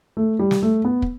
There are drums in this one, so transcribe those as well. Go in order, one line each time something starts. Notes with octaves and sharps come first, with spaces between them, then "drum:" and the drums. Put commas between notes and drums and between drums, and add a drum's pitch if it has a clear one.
A3
G3
drum: snare
A3
B3
drum: kick